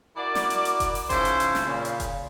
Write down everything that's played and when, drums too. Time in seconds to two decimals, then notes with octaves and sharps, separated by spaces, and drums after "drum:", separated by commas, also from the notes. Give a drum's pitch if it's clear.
0.17 E4 F#4 A#4 D5
0.35 drum: snare
0.50 drum: hi-hat
0.65 drum: hi-hat
0.80 drum: kick F1, hi-hat
0.95 drum: open hi-hat
1.10 C#3 F3 D#4 E4 C5, drum: kick F1, hi-hat
1.25 drum: hi-hat
1.40 drum: hi-hat
1.55 drum: snare
1.66 A#2 C#3
1.85 drum: hi-hat
2.00 drum: kick F1, hi-hat